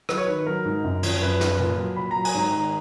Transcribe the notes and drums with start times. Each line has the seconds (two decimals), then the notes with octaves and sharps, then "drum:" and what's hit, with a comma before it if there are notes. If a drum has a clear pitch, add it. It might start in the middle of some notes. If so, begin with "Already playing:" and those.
0.09 F#3 B4, drum: rim click
0.18 C#5
0.27 D#3 B4
0.46 F#3 A#4
0.65 G#2
0.84 F#2
1.03 F3, drum: cymbal
1.22 F#2 B4
1.41 F3, drum: snare
1.59 A#2
1.78 F#3
1.97 A#2 B5
2.11 F#3 A#5
2.25 G#5, drum: cymbal
2.35 G#2 A#5
2.53 D#3